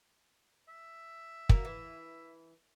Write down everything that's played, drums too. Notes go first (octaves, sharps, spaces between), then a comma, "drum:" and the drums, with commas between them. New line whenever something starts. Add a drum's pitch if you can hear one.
E5
A#3 F#4 A#4, drum: kick
E3